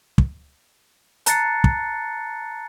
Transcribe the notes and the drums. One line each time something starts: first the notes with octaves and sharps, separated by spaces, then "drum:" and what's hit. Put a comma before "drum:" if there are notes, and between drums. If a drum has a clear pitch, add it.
drum: kick
A5 A#5 F#6 A6 C7 C#7, drum: hi-hat
drum: kick